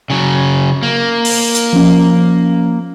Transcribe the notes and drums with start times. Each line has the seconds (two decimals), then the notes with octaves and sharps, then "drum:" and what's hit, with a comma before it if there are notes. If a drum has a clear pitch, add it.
0.10 C#3 F#3
0.83 A#3
1.25 drum: open hi-hat
1.55 drum: hi-hat
1.73 F3 C#4